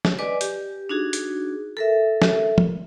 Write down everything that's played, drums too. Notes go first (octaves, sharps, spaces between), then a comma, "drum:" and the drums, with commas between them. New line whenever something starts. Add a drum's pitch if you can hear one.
drum: snare
B4 D5 D#5 G#5 D6
G4, drum: hi-hat
D4 D#4 F#4 G#4
drum: hi-hat
A4 A#4 E5
drum: snare
drum: tom